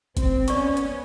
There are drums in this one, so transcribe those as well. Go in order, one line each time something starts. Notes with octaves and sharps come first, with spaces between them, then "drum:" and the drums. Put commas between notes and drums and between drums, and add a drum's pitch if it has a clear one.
C4, drum: kick, hi-hat
B3 C#4 D5 C#6, drum: hi-hat
drum: hi-hat